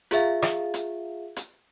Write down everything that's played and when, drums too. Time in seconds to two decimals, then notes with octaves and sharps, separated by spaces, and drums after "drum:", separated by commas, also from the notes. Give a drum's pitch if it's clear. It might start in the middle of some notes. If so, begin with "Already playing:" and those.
0.11 F4 G#4 E5 F5, drum: hi-hat
0.42 drum: rim click
0.74 drum: hi-hat
1.36 drum: hi-hat